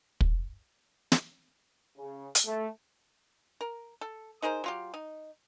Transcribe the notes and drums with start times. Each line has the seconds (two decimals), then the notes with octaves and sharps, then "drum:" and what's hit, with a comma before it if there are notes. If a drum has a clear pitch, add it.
0.21 drum: kick
1.12 drum: snare
1.97 C#3
2.35 drum: hi-hat
2.45 A3
3.61 A#4
4.01 A4
4.42 D#4 G#4 A#4 C5
4.64 F#3 F4 G4
4.94 D#4